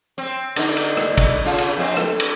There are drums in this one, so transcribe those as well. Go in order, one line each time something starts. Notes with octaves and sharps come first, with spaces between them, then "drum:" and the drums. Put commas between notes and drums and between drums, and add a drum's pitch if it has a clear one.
C4
D3 D#4, drum: cymbal
drum: cymbal
drum: rim click
drum: kick, cymbal
C#3 F4
drum: cymbal
F2 C4
A4, drum: rim click
drum: cymbal